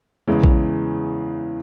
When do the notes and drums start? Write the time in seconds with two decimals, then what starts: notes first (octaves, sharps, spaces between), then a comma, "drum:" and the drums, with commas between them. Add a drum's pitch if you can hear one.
0.27 E2 C#3 E3 G#3
0.44 drum: kick A#1